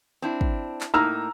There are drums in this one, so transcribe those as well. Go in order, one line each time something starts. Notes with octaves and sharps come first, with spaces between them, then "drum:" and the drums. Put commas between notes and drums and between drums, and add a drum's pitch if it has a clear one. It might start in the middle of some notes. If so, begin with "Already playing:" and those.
C4 D4 E4
drum: kick
drum: clap
A2 A#3 D#4 A#5 E6 F6